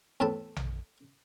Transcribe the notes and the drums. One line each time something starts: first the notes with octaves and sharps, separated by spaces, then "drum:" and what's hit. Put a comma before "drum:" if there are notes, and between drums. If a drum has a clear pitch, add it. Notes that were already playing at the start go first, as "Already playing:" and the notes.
E2 A2 C4 A5 B5
drum: tom A#1